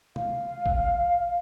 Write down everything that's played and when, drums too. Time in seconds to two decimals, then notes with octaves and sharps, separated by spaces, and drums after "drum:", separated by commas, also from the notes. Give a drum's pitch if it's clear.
0.16 F5, drum: tom
0.66 drum: kick